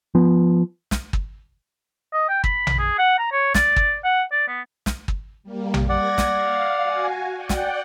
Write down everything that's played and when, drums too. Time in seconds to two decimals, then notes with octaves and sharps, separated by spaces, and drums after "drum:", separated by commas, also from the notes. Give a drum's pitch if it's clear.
0.15 F3 B3
0.91 drum: snare
1.13 drum: kick
2.13 D#5
2.29 G5
2.44 B5, drum: kick
2.67 drum: tom A#1
2.79 G#4
2.99 F#5
3.19 A#5
3.32 C#5
3.54 D5, drum: snare
3.76 drum: kick
4.04 F#5
4.32 D5
4.48 B3
4.86 drum: snare
5.08 drum: kick
5.43 G3 A#3
5.74 drum: tom A#1
5.89 D5 F#5 G#6 A#6
6.18 drum: snare
6.31 F5
6.82 F#4 G#5
7.34 D5 F#5 G5
7.49 drum: snare